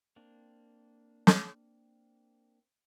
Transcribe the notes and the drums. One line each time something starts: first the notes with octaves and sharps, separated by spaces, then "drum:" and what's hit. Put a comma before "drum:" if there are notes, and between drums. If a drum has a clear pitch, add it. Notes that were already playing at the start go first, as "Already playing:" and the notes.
A#3 C4 D4
drum: snare